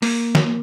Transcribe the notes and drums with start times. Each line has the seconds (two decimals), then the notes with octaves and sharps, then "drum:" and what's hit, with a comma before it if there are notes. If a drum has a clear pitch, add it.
0.02 A#3, drum: open hi-hat
0.35 drum: snare